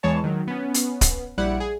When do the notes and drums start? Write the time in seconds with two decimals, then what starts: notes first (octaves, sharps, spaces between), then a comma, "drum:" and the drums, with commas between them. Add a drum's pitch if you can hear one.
0.03 E2 E3 G#3 C#5 A5
0.24 D#3 F#3
0.47 B3 C#4
0.74 drum: hi-hat
1.01 drum: kick, hi-hat
1.38 A#1 G3 E4 D5 F#5
1.60 G#4